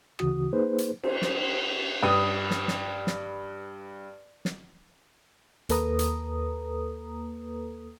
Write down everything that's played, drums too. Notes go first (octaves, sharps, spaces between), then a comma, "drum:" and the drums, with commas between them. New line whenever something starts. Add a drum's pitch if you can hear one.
D2 C#3 E3 F#4 D#6, drum: rim click
A#3 D#4 G#4 B4 C5
drum: hi-hat
C5, drum: cymbal
drum: snare
G2 B4 G5 D#6
drum: snare
drum: snare
drum: snare
drum: snare
D#2 A#3 A4 B4 A#5 D#6, drum: hi-hat
drum: hi-hat